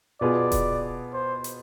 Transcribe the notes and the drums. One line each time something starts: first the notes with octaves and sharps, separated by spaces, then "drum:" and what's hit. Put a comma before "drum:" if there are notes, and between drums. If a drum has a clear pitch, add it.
B2 B3 F4 G#4 D5
drum: kick D#1, hi-hat
C5
drum: hi-hat